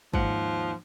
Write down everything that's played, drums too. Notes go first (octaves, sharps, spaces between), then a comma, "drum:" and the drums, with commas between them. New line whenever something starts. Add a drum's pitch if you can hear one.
D#2 G#2 F3 F#5, drum: kick